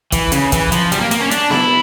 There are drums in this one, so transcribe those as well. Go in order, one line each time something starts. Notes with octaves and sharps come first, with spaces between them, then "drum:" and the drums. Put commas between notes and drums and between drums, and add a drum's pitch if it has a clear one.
E3, drum: kick, hi-hat
C#3, drum: hi-hat
E3, drum: kick, hi-hat
F3, drum: hi-hat
G3, drum: hi-hat
A#3
A#3, drum: hi-hat
C#4
D4, drum: hi-hat
E4, drum: snare B3